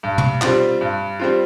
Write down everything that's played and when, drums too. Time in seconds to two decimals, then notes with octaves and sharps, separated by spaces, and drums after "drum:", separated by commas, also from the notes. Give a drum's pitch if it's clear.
0.03 G2
0.18 drum: tom
0.42 G3 C4 F4, drum: clap
0.81 G2
1.19 G3 C4 F4